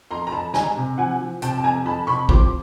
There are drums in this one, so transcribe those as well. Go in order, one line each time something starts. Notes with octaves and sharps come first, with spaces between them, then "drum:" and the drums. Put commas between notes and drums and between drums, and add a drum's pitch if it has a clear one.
F2 A#5 C6
A#5
F2 A5 B5
G#3 G#5 A#5, drum: snare
C3
F3 F#5 G#5
F3
C3 G5 A5, drum: hi-hat
A5
F2 G#5 A#5
F2 A5 B5
C3 B5 C#6
F3 C6 D6, drum: kick